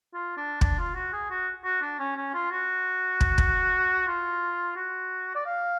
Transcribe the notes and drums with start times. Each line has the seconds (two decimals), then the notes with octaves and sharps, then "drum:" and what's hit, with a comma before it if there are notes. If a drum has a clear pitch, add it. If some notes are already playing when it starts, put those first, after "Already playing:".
0.14 F4
0.37 D4
0.61 D4, drum: kick
0.79 F4
0.95 F#4
1.13 G#4
1.31 F#4
1.65 F#4
1.82 D4
1.99 C#4
2.16 C#4
2.34 F4
2.51 F#4
3.21 drum: kick
3.38 drum: kick
4.08 F4
4.76 F#4
5.35 D5
5.46 F5